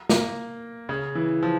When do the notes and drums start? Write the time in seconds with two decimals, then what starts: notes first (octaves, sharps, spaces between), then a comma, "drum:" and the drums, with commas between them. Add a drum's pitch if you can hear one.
0.09 A#3, drum: snare
0.89 C#3
1.15 E3
1.43 F3